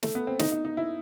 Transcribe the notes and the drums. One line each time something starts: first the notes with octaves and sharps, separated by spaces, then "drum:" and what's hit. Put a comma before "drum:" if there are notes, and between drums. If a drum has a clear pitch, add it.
A3, drum: snare
B3
C4
D#4, drum: snare
D#4
D#4
E4